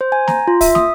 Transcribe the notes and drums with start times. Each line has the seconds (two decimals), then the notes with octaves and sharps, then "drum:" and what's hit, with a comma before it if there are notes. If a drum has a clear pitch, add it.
0.01 C5
0.12 G#5
0.28 A#5, drum: snare
0.47 F4
0.61 E5, drum: kick, open hi-hat
0.75 D#6, drum: snare